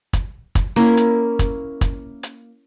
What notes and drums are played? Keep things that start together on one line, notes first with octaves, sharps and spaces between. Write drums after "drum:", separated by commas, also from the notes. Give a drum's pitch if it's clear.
drum: kick, hi-hat
drum: kick, hi-hat
A#3 C#4 E4
drum: hi-hat
drum: kick, hi-hat
drum: kick, hi-hat
drum: hi-hat